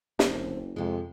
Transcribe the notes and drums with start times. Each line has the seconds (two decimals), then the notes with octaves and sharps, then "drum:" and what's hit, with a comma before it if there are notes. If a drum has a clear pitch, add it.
0.19 F#1 F#2 D3 C4, drum: snare
0.76 F2 C3 G#3